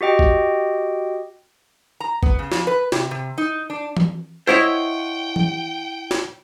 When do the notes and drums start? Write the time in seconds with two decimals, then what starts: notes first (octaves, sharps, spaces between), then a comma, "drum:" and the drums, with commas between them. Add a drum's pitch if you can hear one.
0.01 F#4 G4 D#5 G5
0.19 drum: kick G#1
2.00 A#5
2.23 B3, drum: kick G#1
2.39 C#3
2.52 F2, drum: snare
2.67 B4
2.92 C3, drum: snare
3.11 C3
3.38 D#4
3.70 D4
3.97 drum: tom E3
4.47 E4 C5 C#5 D#5 F#5 G5 C6 C#6
5.36 drum: tom
6.11 drum: snare